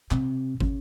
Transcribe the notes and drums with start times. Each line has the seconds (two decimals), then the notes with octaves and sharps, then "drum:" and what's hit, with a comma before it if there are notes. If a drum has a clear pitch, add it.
0.11 C3, drum: clap
0.60 C#3, drum: kick